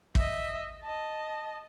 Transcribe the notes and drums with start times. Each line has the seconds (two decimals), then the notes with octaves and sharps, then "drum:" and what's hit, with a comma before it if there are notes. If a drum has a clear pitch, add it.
0.15 D#5 E5, drum: kick
0.82 D#5 A5